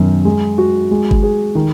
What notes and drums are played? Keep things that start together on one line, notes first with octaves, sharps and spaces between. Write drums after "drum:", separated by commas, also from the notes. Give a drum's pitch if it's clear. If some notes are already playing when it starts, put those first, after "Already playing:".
Already playing: F#2 B2 D#3
G#3
F#4
G#3
drum: kick G1
G#4
D#3